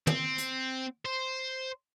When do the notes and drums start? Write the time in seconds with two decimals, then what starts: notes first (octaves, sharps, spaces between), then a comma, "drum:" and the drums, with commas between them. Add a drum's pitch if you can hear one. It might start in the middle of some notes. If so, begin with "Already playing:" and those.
0.07 C4, drum: tom
0.38 drum: hi-hat
1.05 C5